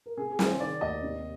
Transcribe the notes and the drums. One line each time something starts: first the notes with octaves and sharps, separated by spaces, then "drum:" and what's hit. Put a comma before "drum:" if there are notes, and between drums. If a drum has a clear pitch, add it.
A#4
C3 G#4
G#4
D#3, drum: snare
C5
D#3 D5
D#2 D#5
C3